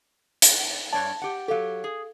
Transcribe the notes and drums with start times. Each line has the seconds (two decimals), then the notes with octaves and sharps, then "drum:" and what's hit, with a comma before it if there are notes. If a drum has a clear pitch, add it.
0.42 drum: hi-hat
0.93 G2 C#5 D5 A5
1.22 G4 F#5
1.48 F#3 G4 A4 F5
1.84 G#4